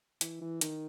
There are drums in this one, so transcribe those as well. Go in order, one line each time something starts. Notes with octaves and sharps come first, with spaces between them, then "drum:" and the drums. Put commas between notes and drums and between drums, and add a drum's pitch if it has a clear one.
E3, drum: hi-hat
E3
D#3, drum: hi-hat